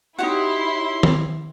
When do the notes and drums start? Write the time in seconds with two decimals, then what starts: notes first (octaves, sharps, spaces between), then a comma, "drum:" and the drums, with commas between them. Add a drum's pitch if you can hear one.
0.18 D#4 E4 F#4 G4 C#5 F#5 C6
1.03 drum: tom D#3